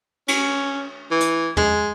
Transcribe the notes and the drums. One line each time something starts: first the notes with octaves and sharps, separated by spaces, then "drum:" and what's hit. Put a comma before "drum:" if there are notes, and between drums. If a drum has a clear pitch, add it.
C#4, drum: cymbal
E3
drum: hi-hat
G#3, drum: tom